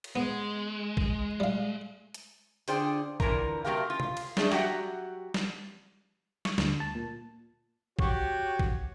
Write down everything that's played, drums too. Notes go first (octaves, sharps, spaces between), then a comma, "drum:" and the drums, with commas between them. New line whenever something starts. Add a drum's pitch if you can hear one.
drum: cymbal
G#3 B3
drum: kick A#1
G3 F5
drum: hi-hat
D3 D4 F4 G#4 C5 G5, drum: open hi-hat
D3 E3 F3 A#4 A#5, drum: kick A#1
C3 F#3 A3 G4 A#4 F5
F4
drum: tom
drum: cymbal
A3 D4 G#4 B4 D#5, drum: snare
F#3 F#4 G4 E5 F#5, drum: snare
drum: snare
C#6, drum: snare
D2, drum: snare
A5
A#2
F#4 G4 C#5, drum: kick A#1
drum: kick A#1